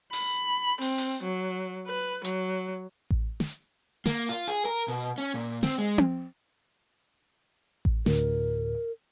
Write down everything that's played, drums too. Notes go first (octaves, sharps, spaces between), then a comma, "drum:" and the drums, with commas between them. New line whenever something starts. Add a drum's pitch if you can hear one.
B5, drum: open hi-hat
C4, drum: open hi-hat
drum: open hi-hat
F#3
B4
F#3, drum: hi-hat
drum: kick A1
drum: snare
A#3, drum: snare
F4
G#4
A#4
B2
C#4
A#2
C4, drum: snare
G#3
drum: tom C4
drum: kick A1
D2 A2 A#4, drum: snare